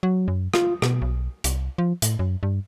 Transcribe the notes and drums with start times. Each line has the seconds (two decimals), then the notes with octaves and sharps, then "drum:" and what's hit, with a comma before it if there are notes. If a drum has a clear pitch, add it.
0.03 F#3
0.28 F#2
0.54 F4, drum: rim click
0.82 B2, drum: rim click
1.02 B1
1.44 C2, drum: hi-hat
1.78 F3
2.02 A2, drum: hi-hat
2.19 F#2
2.43 G2